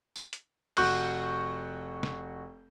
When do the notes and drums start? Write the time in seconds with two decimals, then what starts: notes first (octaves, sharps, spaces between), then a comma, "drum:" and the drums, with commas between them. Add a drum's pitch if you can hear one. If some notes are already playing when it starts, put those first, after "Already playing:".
0.16 drum: tambourine
0.33 drum: hi-hat
0.77 F1 F#4 C#6 F#6 G6, drum: cymbal
2.03 drum: snare